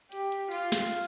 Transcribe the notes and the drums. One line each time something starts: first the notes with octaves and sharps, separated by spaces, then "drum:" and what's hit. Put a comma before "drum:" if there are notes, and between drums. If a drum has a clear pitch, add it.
G4, drum: hi-hat
drum: hi-hat
F4, drum: hi-hat
drum: snare